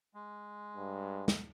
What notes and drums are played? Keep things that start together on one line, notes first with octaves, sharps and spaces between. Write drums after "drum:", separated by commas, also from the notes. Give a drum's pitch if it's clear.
G#3
G2
drum: snare